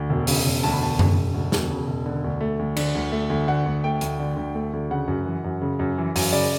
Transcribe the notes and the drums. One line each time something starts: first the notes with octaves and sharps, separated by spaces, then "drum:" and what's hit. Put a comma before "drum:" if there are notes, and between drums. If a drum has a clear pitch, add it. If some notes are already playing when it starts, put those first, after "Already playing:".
Already playing: D2
E1
C#3, drum: open hi-hat
E1
D2 A5
B5
E1 A5
C#3, drum: tom F#2
E1
D2
E1, drum: snare
C#3
E1
D3
D2
A3
D2
D3, drum: cymbal
D2
A3
D2
D3 F#5
D2
A3 G5
D2, drum: hi-hat
D3
D2
A3
D2
C#3 F#5
F#2
E3
F#2
C#3
F#2
E3
F#2, drum: open hi-hat
C#3 D5